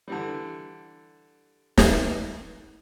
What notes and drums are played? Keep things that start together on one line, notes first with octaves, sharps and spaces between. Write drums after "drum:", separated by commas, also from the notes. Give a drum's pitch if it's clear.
D3 E3 G3
drum: snare